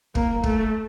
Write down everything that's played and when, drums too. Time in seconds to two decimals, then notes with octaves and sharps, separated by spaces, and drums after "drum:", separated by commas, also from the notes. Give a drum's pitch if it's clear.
0.15 A#3, drum: kick
0.44 A3, drum: kick